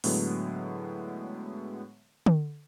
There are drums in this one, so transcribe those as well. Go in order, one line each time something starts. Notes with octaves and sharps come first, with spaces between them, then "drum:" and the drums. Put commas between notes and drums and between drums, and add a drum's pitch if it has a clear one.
A2 D3 F#3 G#3 B3, drum: open hi-hat
drum: tom D3